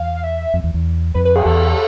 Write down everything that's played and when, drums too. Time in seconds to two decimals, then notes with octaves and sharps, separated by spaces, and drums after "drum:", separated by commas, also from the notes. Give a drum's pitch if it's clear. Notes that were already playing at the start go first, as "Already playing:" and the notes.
Already playing: E2 F5
0.24 E5
0.54 F2
0.64 E2
0.74 E2
1.14 F2 B4
1.25 B4
1.36 G#4, drum: cymbal
1.45 E2 A4